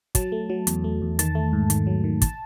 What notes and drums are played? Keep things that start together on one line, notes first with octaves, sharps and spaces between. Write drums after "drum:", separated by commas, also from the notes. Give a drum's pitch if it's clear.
F#3 A5, drum: kick, hi-hat
A3
F#3
E2, drum: hi-hat
A3
E2
D#3 A5, drum: hi-hat
A3
G#2
D#3, drum: hi-hat
F#3
D#3
A5, drum: kick, hi-hat